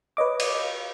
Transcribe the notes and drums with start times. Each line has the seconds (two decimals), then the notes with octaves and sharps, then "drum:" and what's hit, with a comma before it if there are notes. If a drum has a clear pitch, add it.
0.17 B4 C#5 D#5 D6
0.40 drum: cymbal